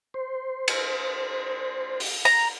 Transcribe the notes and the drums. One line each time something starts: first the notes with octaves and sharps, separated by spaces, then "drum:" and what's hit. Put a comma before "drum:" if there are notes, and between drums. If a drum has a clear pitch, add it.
C5
drum: cymbal
drum: open hi-hat
A#5